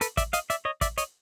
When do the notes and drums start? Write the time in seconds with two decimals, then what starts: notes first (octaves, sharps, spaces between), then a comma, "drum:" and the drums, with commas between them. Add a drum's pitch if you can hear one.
0.01 A4 B4, drum: hi-hat
0.17 D5 E5, drum: kick, hi-hat
0.33 D#5 F5, drum: hi-hat
0.50 D5 E5, drum: hi-hat
0.65 C#5 D#5
0.81 D5 E5, drum: kick, hi-hat
0.98 C#5 D#5, drum: hi-hat